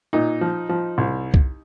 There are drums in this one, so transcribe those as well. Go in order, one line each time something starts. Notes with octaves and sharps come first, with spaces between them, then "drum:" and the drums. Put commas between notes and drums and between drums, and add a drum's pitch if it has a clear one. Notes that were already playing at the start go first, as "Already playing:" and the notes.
A#2 D#4
F3
F3
C2
drum: kick C2